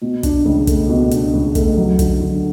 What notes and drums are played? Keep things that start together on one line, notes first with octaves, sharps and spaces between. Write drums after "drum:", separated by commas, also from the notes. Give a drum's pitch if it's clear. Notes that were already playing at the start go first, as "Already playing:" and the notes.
B2
D4, drum: kick, hi-hat
C#2
A3, drum: kick, hi-hat
B2
D4, drum: hi-hat
C#2
A3, drum: kick, hi-hat
F#3
D3, drum: kick, hi-hat
D3